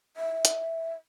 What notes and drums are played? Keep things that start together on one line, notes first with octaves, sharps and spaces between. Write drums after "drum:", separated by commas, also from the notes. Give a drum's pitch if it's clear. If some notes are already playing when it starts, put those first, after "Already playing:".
E5
drum: hi-hat